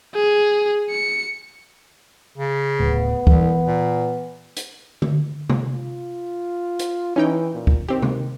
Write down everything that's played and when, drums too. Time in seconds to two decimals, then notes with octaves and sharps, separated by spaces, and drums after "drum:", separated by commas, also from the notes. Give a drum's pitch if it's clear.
0.14 G#4
0.90 C#7
2.38 C#3
2.80 D1 A2 B3
3.27 C2 E3, drum: kick
3.66 A#2
4.57 drum: hi-hat
5.02 drum: tom D3
5.49 drum: tom C3
5.74 F4
6.79 drum: hi-hat
7.16 E3 C#4 D#4 G5
7.54 A#2
7.67 drum: kick
7.89 D#3 C4 G4
8.02 drum: tom C3